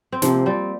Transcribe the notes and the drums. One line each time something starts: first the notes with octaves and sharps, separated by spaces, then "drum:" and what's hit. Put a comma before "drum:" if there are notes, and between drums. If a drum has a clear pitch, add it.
C4
C3 F3 A#3, drum: snare
G3 C4